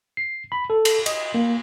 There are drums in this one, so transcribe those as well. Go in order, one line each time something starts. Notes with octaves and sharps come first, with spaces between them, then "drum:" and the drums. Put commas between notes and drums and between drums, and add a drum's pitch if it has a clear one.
C7
B5
A4
drum: cymbal
D#5, drum: cymbal
A#3